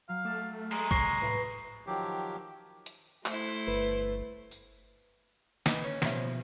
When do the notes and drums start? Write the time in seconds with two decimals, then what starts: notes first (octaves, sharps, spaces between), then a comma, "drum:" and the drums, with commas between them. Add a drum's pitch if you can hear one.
0.09 F#3 F5
0.25 A3 D6 E6 A6
0.71 G#3 A#5 G#6, drum: cymbal
0.91 C3 C#6 A#6 C7, drum: kick
1.22 A2 B4 E5 G#5
1.87 D#3 F3 F#3 G4
2.86 drum: hi-hat
3.26 A3 E4 C5, drum: clap
3.68 G1 B4
4.51 drum: tambourine
5.66 E3 D#4, drum: snare
5.84 C#4
6.02 B2 F3 G4 E5, drum: snare